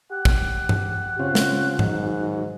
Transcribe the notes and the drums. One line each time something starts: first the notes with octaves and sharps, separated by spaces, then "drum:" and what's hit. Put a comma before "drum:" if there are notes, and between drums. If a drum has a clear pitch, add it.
G4 F#5
drum: kick
drum: tom G2
C#3 C4 C#4 F4
drum: snare
G#2 D#3 F#3, drum: tom G#2